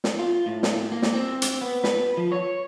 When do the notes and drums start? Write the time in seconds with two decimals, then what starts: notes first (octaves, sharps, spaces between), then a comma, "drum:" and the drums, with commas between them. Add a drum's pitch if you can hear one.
0.04 drum: snare
0.19 F4
0.46 A2
0.63 drum: snare
0.92 A#3
1.02 drum: snare
1.14 C4
1.42 drum: hi-hat
1.61 B3
1.84 B4, drum: snare
2.17 F3
2.32 C#5